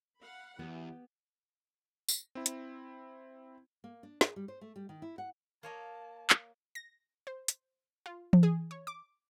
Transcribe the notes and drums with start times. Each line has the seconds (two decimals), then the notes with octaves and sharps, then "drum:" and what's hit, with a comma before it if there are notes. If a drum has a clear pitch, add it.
0.19 F5 F#5 B5
0.59 E2 E3 B3 G4
2.09 drum: tambourine
2.35 C4 E4
2.46 drum: hi-hat
3.84 A#3
4.03 D4
4.21 G#4, drum: snare
4.36 G3
4.48 C5
4.61 A3
4.76 G3
4.89 D#3
5.02 E4
5.18 F#5
5.63 A#3 C#5 D#5 A5
6.30 drum: clap
6.75 A#6
7.27 C5
7.48 drum: hi-hat
8.06 F4
8.33 drum: tom E3
8.43 G#4
8.71 C#5
8.87 D6